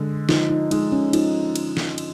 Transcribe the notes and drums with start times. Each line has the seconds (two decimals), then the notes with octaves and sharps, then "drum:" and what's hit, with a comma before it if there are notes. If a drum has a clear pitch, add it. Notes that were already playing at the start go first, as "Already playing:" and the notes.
Already playing: D3 G#3
0.29 F3 D#4, drum: snare
0.50 D#4
0.71 G#3 D#4, drum: cymbal
0.92 C#4
1.13 F3 D#4, drum: cymbal
1.56 drum: cymbal
1.77 drum: snare
1.98 drum: cymbal